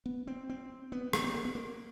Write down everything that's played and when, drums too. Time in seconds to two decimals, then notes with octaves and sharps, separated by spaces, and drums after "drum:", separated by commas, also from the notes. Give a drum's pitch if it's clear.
0.06 B3
0.27 C4
0.49 C4
0.92 B3
1.13 A#3, drum: rim click
1.24 B3
1.34 A#3
1.45 B3
1.55 A#3